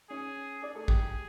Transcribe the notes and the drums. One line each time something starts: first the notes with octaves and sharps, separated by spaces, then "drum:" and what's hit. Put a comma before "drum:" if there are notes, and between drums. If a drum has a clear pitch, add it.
C#4 G#4 C#5
D4 G#4 D5
A3 A4
G4, drum: kick
G4